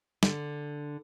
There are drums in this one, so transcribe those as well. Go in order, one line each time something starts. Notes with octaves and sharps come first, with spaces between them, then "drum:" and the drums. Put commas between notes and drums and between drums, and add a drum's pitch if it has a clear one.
D3, drum: snare